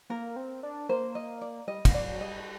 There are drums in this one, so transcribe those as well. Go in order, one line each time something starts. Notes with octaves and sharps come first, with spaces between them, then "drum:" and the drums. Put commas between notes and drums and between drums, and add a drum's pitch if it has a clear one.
A#3 A#4
C4
D4
A#3 C5
D#5
D5
G3 D#5
G3, drum: kick, cymbal
F#3 D5
G3 D#5